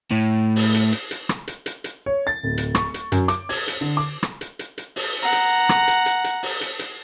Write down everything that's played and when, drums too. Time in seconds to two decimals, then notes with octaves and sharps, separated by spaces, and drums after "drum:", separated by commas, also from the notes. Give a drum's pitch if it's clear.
0.11 A2
0.56 drum: open hi-hat
0.74 drum: hi-hat
0.93 drum: hi-hat
1.11 drum: hi-hat
1.29 drum: rim click
1.48 drum: hi-hat
1.66 drum: hi-hat
1.84 drum: hi-hat
2.06 C#5
2.27 A6
2.43 D1
2.58 drum: hi-hat
2.75 C#6, drum: rim click
2.94 drum: hi-hat
3.12 F#2, drum: hi-hat
3.28 D6, drum: hi-hat
3.49 G#6, drum: open hi-hat
3.68 drum: hi-hat
3.81 D3
3.97 D6
4.23 drum: rim click
4.41 drum: hi-hat
4.59 drum: hi-hat
4.78 drum: hi-hat
4.96 drum: open hi-hat
5.22 F#5 A#5
5.33 drum: hi-hat
5.69 drum: rim click
5.88 drum: hi-hat
6.06 drum: hi-hat
6.24 drum: hi-hat
6.43 drum: open hi-hat
6.61 drum: hi-hat
6.79 drum: hi-hat